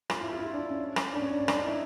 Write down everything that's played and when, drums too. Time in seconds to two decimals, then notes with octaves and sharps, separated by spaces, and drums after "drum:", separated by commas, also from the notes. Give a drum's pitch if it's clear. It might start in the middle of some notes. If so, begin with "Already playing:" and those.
0.10 F4, drum: rim click
0.21 E4
0.33 F4
0.39 E4
0.45 F4
0.53 D4
0.70 C#4
0.96 drum: rim click
1.14 D4
1.22 C#4
1.30 D4
1.39 C#4
1.48 D4, drum: rim click
1.57 D#4
1.65 E4